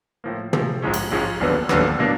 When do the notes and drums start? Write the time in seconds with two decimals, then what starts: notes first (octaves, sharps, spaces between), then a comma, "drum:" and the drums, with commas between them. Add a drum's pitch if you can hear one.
0.24 A2 F3 A#3
0.53 A2 F3 A#3, drum: tom
0.82 A#1 G#2 F3 G#3 C#4
0.94 drum: cymbal
1.11 A#1 G#2 F3 G#3 C#4
1.40 F1 D#2 D3 F#3 B3
1.69 F1 D#2 D3 F#3 B3, drum: rim click
1.99 B2 F#3 A#3 D4